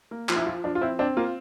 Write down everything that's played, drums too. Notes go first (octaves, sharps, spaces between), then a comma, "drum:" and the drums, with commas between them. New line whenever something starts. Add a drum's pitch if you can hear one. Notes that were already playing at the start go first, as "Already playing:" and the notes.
A#3
F3, drum: clap
E4
F3 F4
F3 D4
F4
C4 E4
C4 D4
A#3 F4